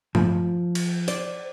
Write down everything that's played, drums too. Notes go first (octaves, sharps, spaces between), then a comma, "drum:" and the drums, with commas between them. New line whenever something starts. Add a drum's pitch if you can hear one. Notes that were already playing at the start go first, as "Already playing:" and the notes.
F3, drum: tom G2
drum: cymbal
C5 D5, drum: hi-hat